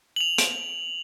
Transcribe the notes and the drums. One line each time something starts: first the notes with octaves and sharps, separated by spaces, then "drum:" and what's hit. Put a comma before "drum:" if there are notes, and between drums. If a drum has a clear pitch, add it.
F7 F#7
drum: hi-hat